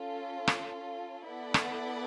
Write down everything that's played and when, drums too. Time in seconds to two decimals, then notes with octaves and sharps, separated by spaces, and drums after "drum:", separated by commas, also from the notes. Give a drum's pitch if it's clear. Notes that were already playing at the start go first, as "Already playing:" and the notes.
Already playing: C#4 F4 A4
0.48 drum: rim click
1.28 B3 E4 A4 D5 F#5
1.54 drum: rim click